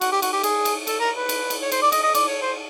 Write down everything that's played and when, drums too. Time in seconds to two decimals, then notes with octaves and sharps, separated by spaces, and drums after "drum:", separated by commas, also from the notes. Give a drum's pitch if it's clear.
0.01 F#4, drum: cymbal
0.12 G4
0.22 F#4, drum: cymbal
0.33 G4
0.43 G#4, drum: cymbal
0.65 drum: cymbal
0.87 A4, drum: cymbal
1.00 A#4
1.15 B4
1.29 drum: cymbal
1.50 drum: cymbal
1.62 C#5
1.72 C5, drum: cymbal
1.82 D5
1.92 D#5, drum: cymbal
2.03 D#5
2.15 D5, drum: cymbal
2.28 C#5
2.42 C5